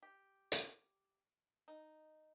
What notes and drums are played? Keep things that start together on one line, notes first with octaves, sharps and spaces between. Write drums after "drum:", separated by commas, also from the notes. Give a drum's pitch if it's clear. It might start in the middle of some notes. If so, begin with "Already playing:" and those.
G4
drum: hi-hat
D#4